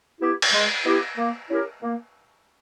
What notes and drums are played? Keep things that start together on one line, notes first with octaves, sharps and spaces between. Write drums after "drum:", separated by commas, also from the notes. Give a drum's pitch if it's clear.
B3 E4 G4
drum: cymbal
G#3
B3 E4 G4
A#3
C#4 E4 G4 A#4
A#3